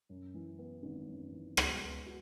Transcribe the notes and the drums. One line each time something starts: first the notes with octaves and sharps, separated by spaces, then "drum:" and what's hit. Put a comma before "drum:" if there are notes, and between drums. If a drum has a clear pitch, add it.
F#2
E3
B3
G#1
F#2
E3
G#3, drum: rim click
B3
F#4